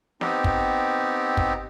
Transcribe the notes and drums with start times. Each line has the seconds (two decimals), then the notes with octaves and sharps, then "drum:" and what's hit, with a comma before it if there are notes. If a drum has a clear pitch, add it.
0.21 B3 C4 D#4 G4, drum: snare
0.44 drum: kick
1.37 drum: kick